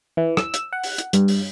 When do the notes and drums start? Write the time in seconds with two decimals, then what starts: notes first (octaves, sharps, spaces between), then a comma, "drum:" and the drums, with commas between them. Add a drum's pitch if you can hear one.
0.17 E3
0.37 E6, drum: rim click
0.54 drum: hi-hat
0.73 F#5
0.84 drum: open hi-hat
0.98 drum: hi-hat
1.13 G2, drum: hi-hat
1.28 drum: open hi-hat